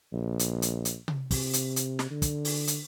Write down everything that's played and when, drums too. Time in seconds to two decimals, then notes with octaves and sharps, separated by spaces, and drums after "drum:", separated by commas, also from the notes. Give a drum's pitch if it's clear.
0.13 A#1
0.39 drum: hi-hat
0.62 drum: hi-hat
0.85 drum: hi-hat
1.08 drum: tom C3
1.31 C3, drum: kick, open hi-hat
1.53 drum: hi-hat
1.76 drum: hi-hat
1.99 drum: snare
2.11 D3
2.22 drum: kick, hi-hat
2.45 drum: open hi-hat
2.67 drum: hi-hat